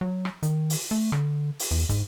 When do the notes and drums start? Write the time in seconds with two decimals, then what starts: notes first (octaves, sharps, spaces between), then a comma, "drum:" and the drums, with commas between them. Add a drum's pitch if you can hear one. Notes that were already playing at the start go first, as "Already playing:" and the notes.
0.01 F#3
0.25 drum: rim click
0.43 D#3, drum: hi-hat
0.70 drum: open hi-hat
0.91 A3
1.12 D3, drum: rim click
1.59 drum: open hi-hat
1.71 E2
1.89 G#2, drum: kick, hi-hat